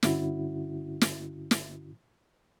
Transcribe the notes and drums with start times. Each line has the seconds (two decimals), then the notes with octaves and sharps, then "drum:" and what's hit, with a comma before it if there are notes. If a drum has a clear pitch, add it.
0.03 G2 D3 C#4 E4 F#4, drum: snare
1.01 drum: snare
1.51 drum: snare